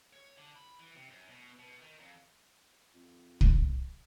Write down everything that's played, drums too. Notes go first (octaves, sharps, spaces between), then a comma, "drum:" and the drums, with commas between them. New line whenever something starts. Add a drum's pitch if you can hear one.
C#5
D3
B5
E3
C3
F#2
B2
B2
D#3
F2
F2
drum: kick